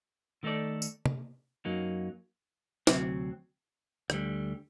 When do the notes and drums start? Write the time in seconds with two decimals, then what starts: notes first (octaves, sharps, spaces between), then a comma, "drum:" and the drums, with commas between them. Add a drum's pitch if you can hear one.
0.43 D#3 A3 D#4 A4 D5
0.82 drum: tambourine
1.06 drum: tom
1.65 F#2 F#3 A#3 D#4
2.87 D2 C3 F#3 C4, drum: snare
4.10 D2 D3 G3, drum: rim click